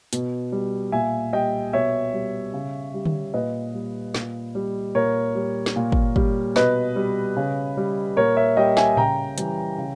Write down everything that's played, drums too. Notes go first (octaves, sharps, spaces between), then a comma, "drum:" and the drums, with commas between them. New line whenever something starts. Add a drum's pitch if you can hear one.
B2, drum: hi-hat
G3
A#2 E5 G#5
G3 D#5 G5
B2 C#5 E5
G3
C#3
G3
drum: tom D3
A#2 B4 D#5
G3
A#2, drum: snare
G3
A#2 A#4 C#5
G3
drum: snare
A#2
drum: kick
G3, drum: kick
B2 B4 D#5, drum: snare
G3
C#3
G3
A#2 A#4 C#5
C#5 E5
G3 D#5 G5
E5 G#5, drum: snare
C#3 G5 A#5, drum: tom A2
E3 G3, drum: hi-hat
C#3